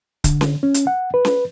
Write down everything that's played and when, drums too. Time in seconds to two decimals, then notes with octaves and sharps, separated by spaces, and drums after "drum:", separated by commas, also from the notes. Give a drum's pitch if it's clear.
0.24 D3, drum: kick C#1, hi-hat
0.41 drum: snare C#4
0.63 C#4
0.74 drum: hi-hat
0.87 F#5
1.14 B4
1.25 drum: snare C#4